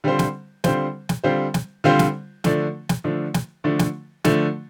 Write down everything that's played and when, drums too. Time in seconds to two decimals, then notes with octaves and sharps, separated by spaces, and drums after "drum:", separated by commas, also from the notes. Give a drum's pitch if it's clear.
0.04 D3 G3 C4 F4 C5
0.19 drum: snare
0.64 D3 G3 C4 F4 C5, drum: snare
1.09 drum: snare
1.24 D3 G3 C4 F4 C5
1.54 drum: snare
1.84 D3 G3 C4 F4 C5
1.99 drum: snare
2.44 D3 F3 A3 D4, drum: snare
2.89 drum: snare
3.04 D3 F3 A3 D4
3.34 drum: snare
3.64 D3 F3 A3 D4
3.79 drum: snare
4.24 D3 F3 A3 D4, drum: snare